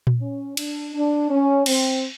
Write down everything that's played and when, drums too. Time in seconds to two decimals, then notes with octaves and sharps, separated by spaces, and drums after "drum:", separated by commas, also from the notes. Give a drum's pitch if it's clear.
0.07 drum: tom A#2
0.21 C#4
0.57 D4, drum: cymbal
0.94 D4
1.30 C#4
1.66 C4, drum: cymbal